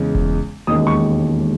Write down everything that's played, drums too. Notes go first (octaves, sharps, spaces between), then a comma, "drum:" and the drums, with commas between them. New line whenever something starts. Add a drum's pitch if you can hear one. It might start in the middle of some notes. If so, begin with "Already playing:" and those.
Already playing: E2 C#3 G#3 C#4
drum: kick E1
E1 D#2 D#3 G#3 C#4 D#6
C#6